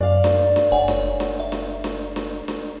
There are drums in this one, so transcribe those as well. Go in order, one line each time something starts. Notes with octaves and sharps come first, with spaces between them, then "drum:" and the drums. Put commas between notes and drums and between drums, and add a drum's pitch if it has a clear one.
F#2 D5 F5
drum: snare D4
drum: snare D4
F#1 C#5 F#5 G#5
drum: snare D4
drum: snare D4
E5
drum: snare D4
drum: snare D4
drum: snare D4
drum: snare D4